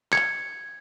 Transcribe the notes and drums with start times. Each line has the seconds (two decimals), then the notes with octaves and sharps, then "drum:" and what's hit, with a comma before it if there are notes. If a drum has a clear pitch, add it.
0.12 G#6 C#7, drum: clap